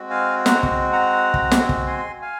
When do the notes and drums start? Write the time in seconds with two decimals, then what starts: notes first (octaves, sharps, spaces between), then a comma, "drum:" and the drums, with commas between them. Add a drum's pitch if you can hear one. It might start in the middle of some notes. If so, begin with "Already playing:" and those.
Already playing: G#3 C4 F#4
0.10 F5 G#5
0.46 F#5 A#5, drum: snare
0.63 drum: kick
0.92 F#5 A#5
1.34 drum: kick
1.51 drum: snare
1.69 drum: kick
1.87 G#5 C6
2.22 F5 G#5